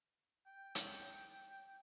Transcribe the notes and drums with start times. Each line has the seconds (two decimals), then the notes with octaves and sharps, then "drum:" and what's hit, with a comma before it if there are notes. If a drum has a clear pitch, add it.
0.47 G5
0.75 drum: hi-hat